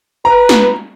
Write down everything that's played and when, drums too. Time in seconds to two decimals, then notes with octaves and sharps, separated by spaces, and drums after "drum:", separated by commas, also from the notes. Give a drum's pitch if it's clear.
0.25 B4 A#5
0.49 drum: snare